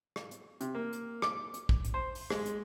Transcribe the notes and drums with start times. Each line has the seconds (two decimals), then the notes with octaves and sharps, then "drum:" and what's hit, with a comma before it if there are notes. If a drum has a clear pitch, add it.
0.16 drum: rim click
0.31 drum: hi-hat
0.61 C3, drum: hi-hat
0.75 A#3
0.93 drum: hi-hat
1.22 D6, drum: rim click
1.54 drum: hi-hat
1.69 drum: kick
1.84 drum: hi-hat
1.94 C5
2.15 drum: open hi-hat
2.30 G#3, drum: rim click
2.46 drum: hi-hat